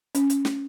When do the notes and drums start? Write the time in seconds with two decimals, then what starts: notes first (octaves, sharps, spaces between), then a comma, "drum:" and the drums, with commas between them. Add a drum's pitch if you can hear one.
0.15 C#4, drum: hi-hat
0.30 drum: hi-hat
0.45 drum: snare